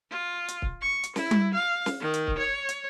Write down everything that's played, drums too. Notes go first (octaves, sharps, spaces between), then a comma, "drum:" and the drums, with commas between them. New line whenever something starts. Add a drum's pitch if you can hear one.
F4
drum: hi-hat
drum: kick C#1
C#6
drum: hi-hat
E4, drum: snare
drum: tom G3
F5
drum: snare
D#3
drum: hi-hat
drum: kick C#1
C#5
drum: hi-hat